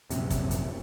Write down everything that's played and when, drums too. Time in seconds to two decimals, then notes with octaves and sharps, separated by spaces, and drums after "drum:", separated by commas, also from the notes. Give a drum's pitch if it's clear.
0.10 A#1 F#2 C3, drum: hi-hat
0.30 drum: kick, hi-hat
0.51 drum: hi-hat